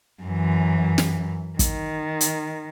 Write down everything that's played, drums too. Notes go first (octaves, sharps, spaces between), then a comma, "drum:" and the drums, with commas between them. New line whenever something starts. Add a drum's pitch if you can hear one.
F#2 E3
drum: snare
D#3, drum: kick, hi-hat
drum: hi-hat